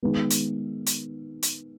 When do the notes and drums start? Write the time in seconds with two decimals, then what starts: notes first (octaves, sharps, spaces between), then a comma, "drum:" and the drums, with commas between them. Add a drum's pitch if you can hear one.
0.03 D#3 G#3 B3
0.31 drum: hi-hat
0.87 drum: hi-hat
1.43 drum: hi-hat